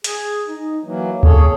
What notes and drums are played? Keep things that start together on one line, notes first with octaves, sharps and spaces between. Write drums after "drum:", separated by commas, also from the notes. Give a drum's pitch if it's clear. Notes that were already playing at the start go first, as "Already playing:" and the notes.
G#4, drum: hi-hat
D#4
E3 F#3 A#3
G#4 A4 C#5, drum: kick D2